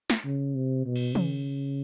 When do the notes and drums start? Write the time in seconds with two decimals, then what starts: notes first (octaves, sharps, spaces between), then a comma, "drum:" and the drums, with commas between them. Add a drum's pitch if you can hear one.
0.10 drum: snare
0.25 C#3
0.55 C3
0.86 B2
0.96 drum: cymbal
1.15 C#3, drum: tom